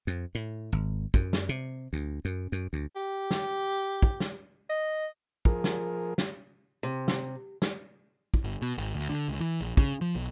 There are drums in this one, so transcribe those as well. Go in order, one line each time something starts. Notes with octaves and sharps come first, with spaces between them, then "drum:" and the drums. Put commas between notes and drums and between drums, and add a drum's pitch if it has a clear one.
F2
A2
G#1
F#2, drum: kick
drum: snare
C3
D2
F#2
F#2
D2
G4
drum: snare
drum: kick
drum: snare
D#5
F3 G#4 A#4, drum: kick
drum: snare
drum: snare
C3
drum: snare
drum: snare
drum: kick
G1
B2
G#1
D2
D3
C#2
E3
A#1
C#3, drum: kick
F3
B1